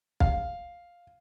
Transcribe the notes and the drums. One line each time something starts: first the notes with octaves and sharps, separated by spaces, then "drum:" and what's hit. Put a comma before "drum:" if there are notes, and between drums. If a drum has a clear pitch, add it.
F5, drum: kick